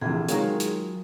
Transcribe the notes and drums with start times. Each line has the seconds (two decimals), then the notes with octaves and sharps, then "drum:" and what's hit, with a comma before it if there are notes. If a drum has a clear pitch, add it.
0.01 A#1 C3 E3 A3 G#4
0.29 D#3 F#3 G#3 F4 A#4, drum: hi-hat
0.60 drum: hi-hat